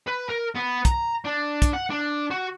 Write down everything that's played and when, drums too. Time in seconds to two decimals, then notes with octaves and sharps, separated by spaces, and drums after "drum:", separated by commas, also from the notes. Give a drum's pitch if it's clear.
0.08 B4
0.30 A#4
0.56 B3
0.85 A#5, drum: kick, hi-hat
1.24 D4
1.62 drum: kick, hi-hat
1.73 F#5
1.90 D4
2.30 F#4